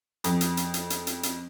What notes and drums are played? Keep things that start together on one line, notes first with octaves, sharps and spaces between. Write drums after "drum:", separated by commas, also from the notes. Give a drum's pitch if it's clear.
F2, drum: hi-hat
drum: hi-hat
drum: hi-hat
drum: hi-hat
drum: hi-hat
drum: hi-hat
drum: hi-hat